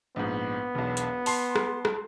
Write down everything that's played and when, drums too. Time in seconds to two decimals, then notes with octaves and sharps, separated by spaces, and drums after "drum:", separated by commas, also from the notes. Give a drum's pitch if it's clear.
0.16 A#1 G#2 B3
0.75 E1 B1
0.97 drum: hi-hat
1.26 A5 C6 C7, drum: open hi-hat
1.56 drum: rim click
1.85 drum: rim click